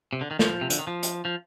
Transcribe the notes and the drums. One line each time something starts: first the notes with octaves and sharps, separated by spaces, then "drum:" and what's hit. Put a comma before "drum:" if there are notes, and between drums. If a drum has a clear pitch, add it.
C3
D3
D#3
F3, drum: snare
C3
D3, drum: hi-hat
D#3
F3
drum: hi-hat
F3